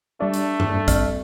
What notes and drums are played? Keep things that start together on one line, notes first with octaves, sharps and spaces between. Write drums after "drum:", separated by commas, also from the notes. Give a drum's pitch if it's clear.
G3 A3 D4
drum: hi-hat
drum: tom G2
D2, drum: kick, hi-hat